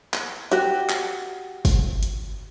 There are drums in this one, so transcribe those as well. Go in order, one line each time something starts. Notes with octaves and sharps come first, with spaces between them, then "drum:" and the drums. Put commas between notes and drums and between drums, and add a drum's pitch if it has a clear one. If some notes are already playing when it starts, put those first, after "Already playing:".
drum: clap
F#4 G4, drum: hi-hat
drum: clap
drum: kick, open hi-hat
drum: hi-hat